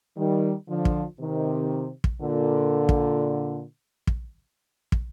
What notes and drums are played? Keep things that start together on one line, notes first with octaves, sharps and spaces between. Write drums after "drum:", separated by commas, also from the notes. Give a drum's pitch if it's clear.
D#3 G3
D3 F3
drum: kick
C3 D#3
drum: kick
A#2 D3
drum: kick
drum: kick
drum: kick